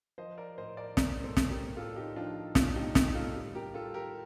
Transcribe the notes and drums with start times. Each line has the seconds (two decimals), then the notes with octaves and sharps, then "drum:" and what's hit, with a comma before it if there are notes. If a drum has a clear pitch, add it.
0.18 F3 C5 D#5
0.38 A#4 D5
0.58 A2 C5 D#5
0.77 A#4 D5
0.97 A2 A#4 D5, drum: snare
1.24 A4 C5
1.37 A2, drum: snare
1.50 G4 A#4
1.77 A2 F4 A4
1.96 D#4 G4
2.16 F3 D4 F4
2.55 A2 D4 F4, drum: snare
2.75 D#4 G4
2.95 A2, drum: snare
3.15 F4 A4
3.35 G3
3.55 G4 A#4
3.74 G3 F4 A4
3.94 G4 A#4